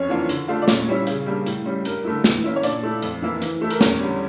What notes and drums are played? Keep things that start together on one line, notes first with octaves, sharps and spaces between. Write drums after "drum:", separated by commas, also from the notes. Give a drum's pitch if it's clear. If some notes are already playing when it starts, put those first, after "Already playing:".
Already playing: F2 C#4 C#5
E3 A#3 D4 F4
D3, drum: hi-hat
A3 D4 F4
D5
A#2 C#4 C#5, drum: snare
G3 C#4 E4
C#3, drum: hi-hat
G3 A#3 D4
A2, drum: hi-hat
G3 C#4
G2 A#4, drum: hi-hat
D3 A3 E4
E3, drum: snare
A#3 C#4 E4
C#5
A#2 D4 D5, drum: hi-hat
A3 E4
F2, drum: hi-hat
E3 A#3 E4
E3, drum: hi-hat
A3 E4
A#4, drum: hi-hat
E2 C#4 C#5, drum: snare
D3 G3